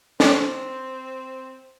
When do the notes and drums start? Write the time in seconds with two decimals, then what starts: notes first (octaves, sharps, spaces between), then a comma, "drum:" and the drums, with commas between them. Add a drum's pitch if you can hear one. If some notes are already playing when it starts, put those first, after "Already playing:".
0.20 C4, drum: snare